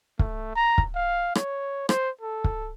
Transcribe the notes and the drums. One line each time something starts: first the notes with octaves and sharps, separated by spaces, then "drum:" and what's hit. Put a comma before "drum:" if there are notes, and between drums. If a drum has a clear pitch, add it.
A3, drum: kick
A#5
drum: kick
F5
C#5, drum: rim click
C5, drum: rim click
A4
drum: kick